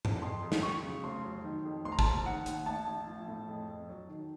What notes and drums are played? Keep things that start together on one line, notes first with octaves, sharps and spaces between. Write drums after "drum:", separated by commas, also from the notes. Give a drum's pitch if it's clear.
drum: tom G2
F2 C6
F2
drum: snare
F#3 C#6
C#3
F1 C6
F#3
D#3
F2
F1 C6
A#5
A5, drum: kick
F1 A#5
D#3 F#5
D#2, drum: hi-hat
A1 A5
A1
F3
A2
F2
F2
F#3
D#3